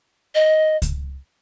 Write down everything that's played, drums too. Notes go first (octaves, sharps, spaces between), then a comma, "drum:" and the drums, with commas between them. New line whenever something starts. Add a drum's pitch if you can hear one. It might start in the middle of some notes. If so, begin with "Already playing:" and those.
D#5
drum: kick C#2, hi-hat